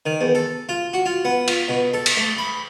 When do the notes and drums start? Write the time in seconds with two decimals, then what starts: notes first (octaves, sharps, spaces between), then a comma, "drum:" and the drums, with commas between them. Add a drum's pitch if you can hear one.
0.06 D#3
0.21 E2
0.35 A4
0.69 F4
0.93 F#4
1.06 F4
1.25 B3
1.48 F4, drum: cymbal
1.69 B2
1.94 A4
2.06 drum: cymbal
2.17 A3
2.38 B5